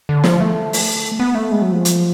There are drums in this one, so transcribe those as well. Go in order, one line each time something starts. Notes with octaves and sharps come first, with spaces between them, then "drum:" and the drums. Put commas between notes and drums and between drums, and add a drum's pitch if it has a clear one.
D3
F3, drum: snare
A3
drum: open hi-hat
B3
A3
G#3
F#3
F3
drum: hi-hat